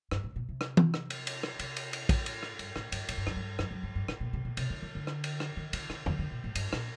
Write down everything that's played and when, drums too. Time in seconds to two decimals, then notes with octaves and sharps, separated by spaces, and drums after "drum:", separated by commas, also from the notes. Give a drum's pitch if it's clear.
0.11 G2, drum: rim click
0.24 A2
0.36 A#2
0.49 C3
0.61 drum: rim click
0.77 drum: tom E3
0.94 drum: rim click
1.10 drum: cymbal
1.27 drum: cymbal
1.43 drum: rim click
1.59 C3, drum: cymbal
1.76 drum: cymbal
1.93 drum: cymbal
2.09 A2, drum: kick, cymbal
2.26 drum: cymbal
2.43 drum: rim click
2.59 G2, drum: cymbal
2.76 A2, drum: rim click
2.92 G2, drum: cymbal
3.09 A2, drum: cymbal
3.17 G2
3.27 F#2, drum: rim click
3.36 G2
3.59 F#2, drum: rim click
3.71 F#2
3.83 G2
3.95 G2
4.08 A2, drum: rim click
4.20 A#2
4.33 C3
4.45 A#2
4.57 C3, drum: cymbal
4.70 D3
4.82 D#3
4.95 D3
5.07 drum: rim click
5.24 drum: cymbal
5.40 drum: rim click
5.57 D#3
5.73 D3, drum: cymbal
5.90 D3, drum: rim click
6.06 D3, drum: tom
6.19 D3
6.31 A#2
6.44 A2
6.55 G2, drum: cymbal
6.73 A#2, drum: rim click